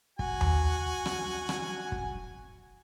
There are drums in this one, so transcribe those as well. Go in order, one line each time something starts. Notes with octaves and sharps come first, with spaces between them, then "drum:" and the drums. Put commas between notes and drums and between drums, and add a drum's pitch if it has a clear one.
F#4 G#5, drum: kick
drum: tom D#2
drum: rim click
drum: rim click
drum: kick